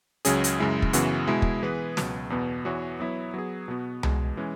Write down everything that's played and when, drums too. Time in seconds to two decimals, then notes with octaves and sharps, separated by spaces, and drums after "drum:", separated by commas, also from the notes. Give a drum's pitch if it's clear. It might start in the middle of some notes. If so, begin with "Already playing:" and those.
0.25 C#2 C#3 F#3 C#4 G#4, drum: hi-hat
0.44 drum: hi-hat
0.59 F#2 C#3 G#3 E4
0.82 drum: kick
0.93 F#2 C#3 E3 B3 F#4, drum: hi-hat
1.27 B2 G#3 E4 G#4
1.42 drum: kick
1.63 E3 B3 G#4 B4
1.97 C#2 B2 F#3, drum: snare
2.30 E2 B2 B3
2.65 E2 E3 B3 F#4 C#5
3.00 F#3 B3 E4 C#5
3.34 F#3 B3 G#4
3.68 B2 B3 F#4
4.03 E2 B2 G#3, drum: tom C2
4.37 E3 G#3 C#4